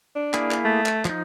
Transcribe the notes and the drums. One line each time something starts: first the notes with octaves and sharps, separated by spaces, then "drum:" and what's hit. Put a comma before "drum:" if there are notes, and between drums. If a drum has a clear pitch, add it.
D4
A#3 E4 G#4, drum: clap
drum: clap
A3
drum: clap
F3 D#4, drum: clap